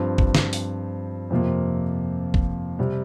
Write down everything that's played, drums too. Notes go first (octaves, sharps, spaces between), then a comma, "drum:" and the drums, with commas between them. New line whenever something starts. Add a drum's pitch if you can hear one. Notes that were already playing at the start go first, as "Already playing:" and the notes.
Already playing: G2 F3 C4
drum: kick
drum: snare
drum: open hi-hat
F2 C3 F3 A#3 F4
drum: kick
C3 G3